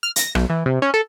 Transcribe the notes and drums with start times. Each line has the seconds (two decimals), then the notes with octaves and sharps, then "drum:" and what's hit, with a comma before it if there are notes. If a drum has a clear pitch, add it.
0.03 F6
0.16 A#6, drum: hi-hat
0.35 B1, drum: rim click
0.50 E3
0.66 C3
0.82 C#4
0.94 A4